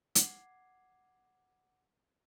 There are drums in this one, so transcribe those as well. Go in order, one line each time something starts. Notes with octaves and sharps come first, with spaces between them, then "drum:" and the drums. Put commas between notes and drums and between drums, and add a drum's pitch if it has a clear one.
F#5 D6 G#6 C7, drum: hi-hat